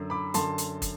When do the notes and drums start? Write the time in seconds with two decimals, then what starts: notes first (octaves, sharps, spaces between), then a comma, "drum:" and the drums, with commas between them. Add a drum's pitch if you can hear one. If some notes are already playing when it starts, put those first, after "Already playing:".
Already playing: F#2 D3
0.10 B5 D6
0.34 F#2 D3 A5 C6, drum: hi-hat
0.58 drum: hi-hat
0.82 drum: kick, hi-hat